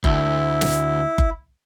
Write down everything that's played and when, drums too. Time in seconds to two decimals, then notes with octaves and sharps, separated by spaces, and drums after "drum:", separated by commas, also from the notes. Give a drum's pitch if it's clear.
0.04 D2 E4, drum: kick F#1
0.61 drum: snare
1.18 drum: kick F#1